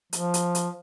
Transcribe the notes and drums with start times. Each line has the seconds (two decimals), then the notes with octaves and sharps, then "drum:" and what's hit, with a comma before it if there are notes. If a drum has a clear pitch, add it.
0.13 F3, drum: hi-hat
0.34 drum: hi-hat
0.55 drum: hi-hat